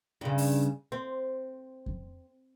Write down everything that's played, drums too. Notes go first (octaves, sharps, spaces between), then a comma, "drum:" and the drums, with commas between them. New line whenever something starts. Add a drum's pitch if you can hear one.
G2 C#3
drum: open hi-hat
C4
drum: kick F2